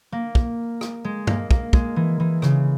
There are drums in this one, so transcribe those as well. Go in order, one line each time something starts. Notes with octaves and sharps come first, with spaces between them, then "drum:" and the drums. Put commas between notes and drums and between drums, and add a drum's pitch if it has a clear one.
A#3
drum: kick
drum: rim click
G#3
A#3, drum: tom
A#3, drum: kick
G#3, drum: kick
E3
E3
C#3, drum: rim click